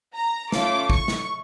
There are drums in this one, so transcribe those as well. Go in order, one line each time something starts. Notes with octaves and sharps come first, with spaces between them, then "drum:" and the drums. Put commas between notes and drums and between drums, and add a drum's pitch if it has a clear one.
A#5
A3 C#4 F4 A4 D6, drum: snare
C#6, drum: kick
drum: snare